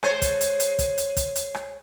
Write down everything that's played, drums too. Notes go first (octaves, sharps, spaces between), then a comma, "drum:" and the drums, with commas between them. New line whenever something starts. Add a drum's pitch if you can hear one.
G#3 C5 C#5, drum: rim click
drum: kick, hi-hat
drum: hi-hat
drum: hi-hat
drum: kick, hi-hat
drum: hi-hat
drum: kick, hi-hat
drum: hi-hat
drum: rim click